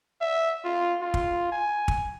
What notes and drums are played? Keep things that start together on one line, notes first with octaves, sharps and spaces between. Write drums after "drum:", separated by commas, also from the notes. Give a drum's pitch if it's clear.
E5
F4
F4
drum: kick
G#5
drum: kick